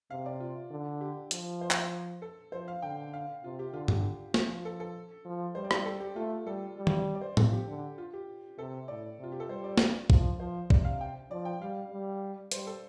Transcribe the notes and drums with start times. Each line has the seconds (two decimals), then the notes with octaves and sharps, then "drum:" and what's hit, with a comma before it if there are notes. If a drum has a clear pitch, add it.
0.10 C3 F5
0.26 D5
0.40 F4
0.71 D3
1.01 G4
1.31 F3, drum: hi-hat
1.61 C5
1.71 drum: clap
2.22 A4
2.52 F3 C5
2.68 F5
2.82 D3 G5
3.13 F5
3.43 C3 F4
3.59 G4
3.73 D3 F4
3.88 G4, drum: tom G2
4.34 F3, drum: snare
4.65 A4
4.80 A4
5.25 F3
5.55 G3 C5
5.64 D5
5.71 C5, drum: rim click
5.85 A4
6.00 G4
6.16 A3 F4
6.46 G3 A4
6.77 G3
6.87 drum: tom D#3
7.15 D5
7.21 C5
7.37 F3 A4, drum: tom A2
7.53 G4
7.68 D3
7.98 F4
8.13 G4
8.58 C3 A4
8.88 A2 D5
9.19 C3 F4
9.32 G4
9.40 A4
9.49 G3 C5
9.64 D5
9.78 drum: snare
10.10 F3, drum: kick
10.39 F3 C5
10.70 C3 D5, drum: kick
10.85 F5
11.01 G5
11.31 F3 D5
11.45 G5
11.61 G3 F5
11.91 G3
12.51 G3 C5, drum: hi-hat
12.67 A4